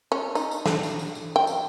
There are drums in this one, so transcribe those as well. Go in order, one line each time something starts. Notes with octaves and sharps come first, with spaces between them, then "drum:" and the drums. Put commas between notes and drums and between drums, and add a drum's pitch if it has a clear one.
C#4
D#4, drum: tambourine
drum: tambourine
D3, drum: snare
drum: tambourine
drum: tambourine
drum: tambourine
G5
drum: tambourine